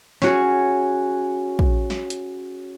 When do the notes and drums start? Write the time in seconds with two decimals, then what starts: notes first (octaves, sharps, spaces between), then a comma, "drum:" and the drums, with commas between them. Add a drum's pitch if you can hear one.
0.22 C#4 F#4 G#4, drum: snare
1.59 drum: kick
1.90 drum: snare
2.10 drum: hi-hat